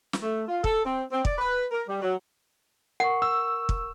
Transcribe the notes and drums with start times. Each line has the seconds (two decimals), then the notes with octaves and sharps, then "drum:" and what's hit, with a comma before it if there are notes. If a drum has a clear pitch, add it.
0.13 drum: snare
0.22 A3
0.48 F4
0.64 A4, drum: kick
0.85 C4
1.11 C4
1.25 D5, drum: kick
1.38 B4
1.72 A#4
1.88 G3
2.02 F#3
3.00 A#4 F#5 C#6
3.22 E6
3.69 drum: kick